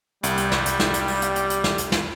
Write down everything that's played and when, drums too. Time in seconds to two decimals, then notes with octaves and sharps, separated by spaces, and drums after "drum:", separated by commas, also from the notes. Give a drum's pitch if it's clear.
0.23 C2 G3, drum: hi-hat
0.37 drum: hi-hat
0.52 drum: snare
0.66 drum: hi-hat
0.80 drum: snare
0.94 drum: hi-hat
1.08 drum: open hi-hat
1.22 drum: hi-hat
1.36 drum: hi-hat
1.50 drum: hi-hat
1.64 drum: snare
1.78 drum: hi-hat
1.92 drum: snare